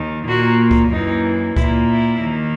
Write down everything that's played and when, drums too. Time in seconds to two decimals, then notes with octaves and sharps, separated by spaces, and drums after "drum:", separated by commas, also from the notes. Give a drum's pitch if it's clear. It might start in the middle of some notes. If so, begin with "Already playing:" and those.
Already playing: D#2 D#3
0.27 A#2 A#3 F#4
0.71 drum: kick C#2
0.92 F#2 E3 A#3 D#4
1.57 A#2 A#3 E4, drum: kick C#2
1.89 E4
2.21 D#2 D#3 A#3